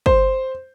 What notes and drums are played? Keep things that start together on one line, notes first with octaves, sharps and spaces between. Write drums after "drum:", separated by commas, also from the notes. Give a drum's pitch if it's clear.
C5, drum: kick